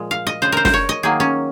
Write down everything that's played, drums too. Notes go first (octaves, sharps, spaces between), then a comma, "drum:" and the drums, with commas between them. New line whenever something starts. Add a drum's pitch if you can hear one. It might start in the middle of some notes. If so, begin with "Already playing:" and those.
Already playing: A#2 F3 G#3
F5
D#5
C#3 G#3 C5
A#4 C5
C5, drum: snare
C#5
D#5
D#3 F#3 A#3 G#4
C#4